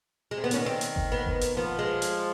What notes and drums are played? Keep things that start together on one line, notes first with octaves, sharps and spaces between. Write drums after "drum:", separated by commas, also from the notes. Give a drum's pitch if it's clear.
C3 G#3
B3
D#3 C#4, drum: hi-hat
C4
drum: hi-hat
drum: kick G1
B3
drum: kick G1
drum: hi-hat
F3 B3
G#3
drum: hi-hat